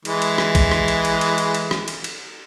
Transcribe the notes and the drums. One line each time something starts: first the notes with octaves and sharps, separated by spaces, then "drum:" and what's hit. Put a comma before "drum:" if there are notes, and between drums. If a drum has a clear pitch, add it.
E3 G#3, drum: cymbal
drum: cymbal
drum: rim click
drum: kick A#1, cymbal
drum: rim click
drum: cymbal
drum: cymbal
drum: cymbal
drum: cymbal
drum: cymbal
drum: rim click
drum: cymbal
drum: cymbal